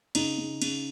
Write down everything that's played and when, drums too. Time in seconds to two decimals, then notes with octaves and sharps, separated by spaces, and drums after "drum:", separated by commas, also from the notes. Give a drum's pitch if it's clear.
0.15 C#3 D#4, drum: cymbal
0.38 C#3
0.62 C#3, drum: cymbal